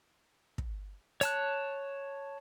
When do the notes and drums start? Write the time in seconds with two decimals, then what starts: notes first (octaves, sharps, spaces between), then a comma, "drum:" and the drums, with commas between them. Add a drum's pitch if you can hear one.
0.58 drum: kick
1.21 C#5 A5 F#6, drum: hi-hat